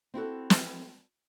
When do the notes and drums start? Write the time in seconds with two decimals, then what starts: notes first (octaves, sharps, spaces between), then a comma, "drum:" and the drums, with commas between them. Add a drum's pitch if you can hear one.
0.14 C4 E4 F#4 A4
0.50 drum: snare